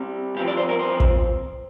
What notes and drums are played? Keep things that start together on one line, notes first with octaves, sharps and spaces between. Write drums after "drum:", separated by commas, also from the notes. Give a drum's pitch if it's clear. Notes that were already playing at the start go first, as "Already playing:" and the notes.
Already playing: C2 C3 G3
G2 F3 C4 G4
D5
C5
A#4
C5
drum: kick